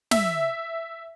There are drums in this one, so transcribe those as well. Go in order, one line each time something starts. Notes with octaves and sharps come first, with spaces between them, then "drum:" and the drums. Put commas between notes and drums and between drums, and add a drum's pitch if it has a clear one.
E5, drum: snare